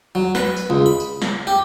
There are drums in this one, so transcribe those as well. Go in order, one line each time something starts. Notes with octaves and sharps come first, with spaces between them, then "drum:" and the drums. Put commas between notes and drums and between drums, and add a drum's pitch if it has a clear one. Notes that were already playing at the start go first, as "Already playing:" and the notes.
F#3
B4, drum: snare
drum: tambourine
C#2
B5
drum: tambourine
drum: snare
G4